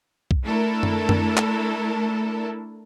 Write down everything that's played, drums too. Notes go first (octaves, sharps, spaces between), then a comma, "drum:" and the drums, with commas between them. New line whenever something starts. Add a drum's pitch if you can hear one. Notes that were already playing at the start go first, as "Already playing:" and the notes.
drum: kick B1
A3 D4 E4 A4 A#4
drum: tom F#2
drum: tom F#2
drum: clap